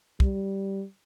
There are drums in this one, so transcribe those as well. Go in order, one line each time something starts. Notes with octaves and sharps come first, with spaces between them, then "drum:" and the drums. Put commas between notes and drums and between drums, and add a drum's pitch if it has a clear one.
G3, drum: kick